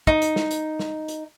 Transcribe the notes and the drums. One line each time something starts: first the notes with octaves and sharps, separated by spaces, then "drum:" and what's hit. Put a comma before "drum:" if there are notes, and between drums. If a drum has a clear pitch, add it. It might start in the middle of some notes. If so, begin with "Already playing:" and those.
D#4, drum: kick
drum: hi-hat
drum: snare
drum: hi-hat
drum: snare
drum: hi-hat